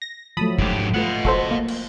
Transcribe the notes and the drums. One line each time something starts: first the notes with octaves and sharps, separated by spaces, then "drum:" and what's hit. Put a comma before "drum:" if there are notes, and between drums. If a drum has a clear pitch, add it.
A#6
F3 F#3 A3 A5 B5 D#6
G#2 G4, drum: kick
A3 F4 B4 D#5 F#5
F#4 A4 C5, drum: kick
A#3
drum: cymbal